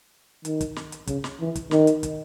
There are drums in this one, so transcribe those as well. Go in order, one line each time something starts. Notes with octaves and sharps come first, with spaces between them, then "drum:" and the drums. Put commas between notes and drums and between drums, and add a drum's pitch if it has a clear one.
D#3, drum: hi-hat
drum: kick, hi-hat
drum: snare
drum: hi-hat
C#3, drum: kick, hi-hat
drum: snare
E3
drum: kick, hi-hat
D#3, drum: snare
drum: hi-hat
drum: kick, hi-hat